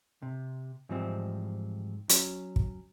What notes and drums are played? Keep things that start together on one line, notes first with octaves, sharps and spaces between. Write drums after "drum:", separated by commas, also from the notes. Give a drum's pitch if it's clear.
C3
G#2 E3 F3 G3 C4
F#3 C#4, drum: hi-hat
drum: kick